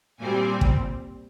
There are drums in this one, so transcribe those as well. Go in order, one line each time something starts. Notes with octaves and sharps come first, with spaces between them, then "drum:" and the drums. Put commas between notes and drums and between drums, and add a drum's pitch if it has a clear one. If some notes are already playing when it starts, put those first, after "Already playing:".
A#2 G3 C4 G#5
drum: kick